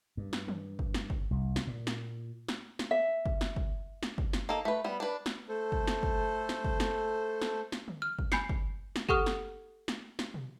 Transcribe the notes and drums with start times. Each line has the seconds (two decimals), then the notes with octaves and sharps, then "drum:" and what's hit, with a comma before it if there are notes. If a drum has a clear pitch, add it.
0.17 G2
0.33 drum: snare
0.48 drum: tom D#3
0.79 drum: kick
0.94 drum: snare
1.10 drum: kick
1.31 C2
1.56 drum: snare
1.67 A#2
1.87 drum: snare
2.48 drum: snare
2.79 drum: snare
2.91 E5
3.26 drum: kick
3.41 drum: snare
3.56 drum: kick
4.03 drum: snare
4.18 drum: kick
4.33 drum: snare
4.49 A#3 D#4 A4
4.65 A3 B4
4.84 G3 B3
5.00 D4 B4
5.26 drum: snare
5.49 A3 A4 C5
5.72 drum: kick
5.87 drum: snare
6.03 drum: kick
6.49 drum: snare
6.65 drum: kick
6.80 drum: snare
7.42 drum: snare
7.72 drum: snare
7.88 drum: tom D3
8.02 F6
8.19 drum: kick
8.32 G#5 B5 G6 C7 C#7, drum: snare
8.49 drum: kick
8.96 drum: snare
9.09 G4 A4 F#5 C#6 D#6 F6, drum: kick
9.26 drum: snare
9.88 drum: snare
10.19 drum: snare
10.34 drum: tom B2